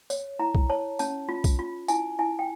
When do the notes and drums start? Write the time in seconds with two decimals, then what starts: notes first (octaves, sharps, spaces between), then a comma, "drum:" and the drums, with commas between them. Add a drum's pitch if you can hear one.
0.10 C#5, drum: tambourine
0.39 E4 A#5
0.55 drum: kick B1
0.70 C#5 A5
0.99 C#4 A5, drum: tambourine
1.29 F4
1.44 drum: kick B1, tambourine
1.59 F4
1.88 E4 G#5, drum: tambourine
2.19 E4 G#5
2.39 G5